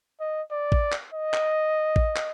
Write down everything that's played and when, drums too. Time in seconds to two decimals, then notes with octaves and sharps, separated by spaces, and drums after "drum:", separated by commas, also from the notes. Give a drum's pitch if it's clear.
0.20 D#5
0.51 D5
0.72 drum: kick A1
0.93 drum: clap
1.14 D#5
1.34 drum: clap
1.96 drum: kick A1
2.17 drum: clap